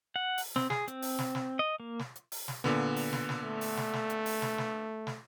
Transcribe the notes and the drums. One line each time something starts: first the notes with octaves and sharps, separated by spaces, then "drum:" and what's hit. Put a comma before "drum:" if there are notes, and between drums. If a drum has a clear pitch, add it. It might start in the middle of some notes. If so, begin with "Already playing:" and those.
F#5
drum: open hi-hat
C4, drum: snare
G#4, drum: snare
C4, drum: hi-hat
drum: open hi-hat
drum: snare
drum: snare
D#5
A#3
drum: snare
drum: hi-hat
drum: open hi-hat
drum: snare
A#2 D3 B3, drum: snare
drum: open hi-hat
drum: snare
drum: snare
A3
drum: open hi-hat
drum: snare
drum: snare
drum: hi-hat
drum: open hi-hat
drum: snare
drum: snare
drum: snare